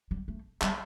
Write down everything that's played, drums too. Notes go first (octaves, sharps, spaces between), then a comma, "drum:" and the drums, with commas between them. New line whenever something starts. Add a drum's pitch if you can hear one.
G3
A3
G3, drum: clap